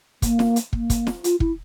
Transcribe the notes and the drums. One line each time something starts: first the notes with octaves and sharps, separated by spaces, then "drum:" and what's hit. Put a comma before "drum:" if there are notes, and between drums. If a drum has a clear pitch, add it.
A#3, drum: kick, hi-hat
drum: snare
drum: hi-hat
A#3, drum: kick
drum: kick, hi-hat
drum: snare
F4, drum: hi-hat
E4, drum: kick